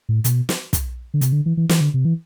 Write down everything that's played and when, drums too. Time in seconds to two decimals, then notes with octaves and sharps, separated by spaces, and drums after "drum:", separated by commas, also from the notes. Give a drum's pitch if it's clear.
0.09 A2
0.24 B2, drum: hi-hat
0.49 drum: snare
0.73 drum: kick, hi-hat
1.14 D3
1.21 C3, drum: hi-hat
1.32 D3
1.46 E3
1.57 E3
1.69 E3, drum: snare
1.81 D3
1.94 C3
2.05 E3